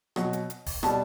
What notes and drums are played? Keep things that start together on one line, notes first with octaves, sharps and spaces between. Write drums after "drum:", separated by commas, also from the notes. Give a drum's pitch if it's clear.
B2 F#3, drum: rim click
drum: hi-hat
drum: hi-hat
drum: kick, open hi-hat
B2 G3 A5, drum: rim click